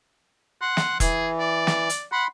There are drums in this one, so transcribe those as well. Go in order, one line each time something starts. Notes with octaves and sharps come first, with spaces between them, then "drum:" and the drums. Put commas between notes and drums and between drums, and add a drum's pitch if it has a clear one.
F#5 C6
drum: snare
E3 G#4, drum: kick E1, hi-hat
D5
drum: snare
drum: hi-hat
F#5 B5 C6